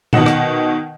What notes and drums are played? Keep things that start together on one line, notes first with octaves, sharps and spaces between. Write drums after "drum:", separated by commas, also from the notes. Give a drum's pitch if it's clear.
B2 D#3 D#5 F#5 E7, drum: tom A#2
drum: rim click